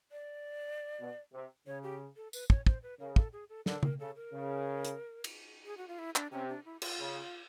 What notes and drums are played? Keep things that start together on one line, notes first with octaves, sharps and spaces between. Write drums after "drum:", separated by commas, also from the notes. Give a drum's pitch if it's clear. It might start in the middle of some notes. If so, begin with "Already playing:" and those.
D5
B2
C3
C#3 C#5
G4
A4
B4, drum: tambourine
C#5, drum: kick
C5, drum: kick
B4
C#3 A#4
A4, drum: kick
G#4
A4
D3 A#4, drum: snare
A#4, drum: tom C#3
C#3 A4
A#4
C#3
drum: hi-hat
drum: cymbal
G#4
F#4
F4
E4
D4, drum: clap
C3 C#4
D4
E4
F4, drum: cymbal
C#3